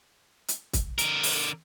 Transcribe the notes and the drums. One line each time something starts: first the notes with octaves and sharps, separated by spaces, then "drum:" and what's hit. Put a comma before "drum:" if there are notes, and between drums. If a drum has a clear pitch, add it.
drum: hi-hat
drum: kick, hi-hat
D3 A#4, drum: hi-hat
drum: open hi-hat